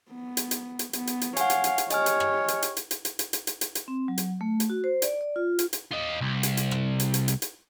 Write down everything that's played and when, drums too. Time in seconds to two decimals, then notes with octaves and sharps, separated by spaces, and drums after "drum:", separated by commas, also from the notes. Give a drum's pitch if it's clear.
0.11 B3
0.37 drum: hi-hat
0.51 drum: hi-hat
0.79 drum: hi-hat
0.93 B3, drum: hi-hat
1.07 drum: hi-hat
1.21 drum: hi-hat
1.37 C#5 F5 F#5 G#5, drum: hi-hat
1.50 drum: hi-hat
1.64 drum: hi-hat
1.78 drum: hi-hat
1.90 G4 C#5 D#5 G#5 F6, drum: hi-hat
2.06 drum: hi-hat
2.20 drum: rim click
2.48 drum: hi-hat
2.62 drum: hi-hat
2.77 drum: hi-hat
2.91 drum: hi-hat
3.05 drum: hi-hat
3.19 drum: hi-hat
3.33 drum: hi-hat
3.47 drum: hi-hat
3.61 drum: hi-hat
3.75 drum: hi-hat
3.88 C4
4.08 F#3
4.18 drum: hi-hat
4.41 A3
4.60 drum: hi-hat
4.70 F#4
4.84 C5
5.02 D5, drum: hi-hat
5.21 D5
5.36 F4
5.59 drum: hi-hat
5.73 drum: hi-hat
5.92 F4 D#5
6.21 C2
6.43 drum: hi-hat
6.57 drum: hi-hat
6.71 drum: rim click
7.00 drum: hi-hat
7.14 drum: hi-hat
7.28 drum: hi-hat
7.42 drum: hi-hat